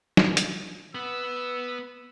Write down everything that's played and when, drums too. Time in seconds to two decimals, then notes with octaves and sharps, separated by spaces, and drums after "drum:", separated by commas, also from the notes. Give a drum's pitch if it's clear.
0.17 drum: snare
0.37 drum: hi-hat
0.95 B3 B4 E6